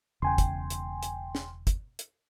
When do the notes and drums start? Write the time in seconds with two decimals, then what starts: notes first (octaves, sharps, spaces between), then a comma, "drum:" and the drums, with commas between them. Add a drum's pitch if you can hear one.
0.22 E1 E2 C#3 G5 G#5 C6
0.38 drum: kick, hi-hat
0.70 drum: hi-hat
1.03 drum: hi-hat
1.35 drum: snare
1.67 drum: kick, hi-hat
1.99 drum: hi-hat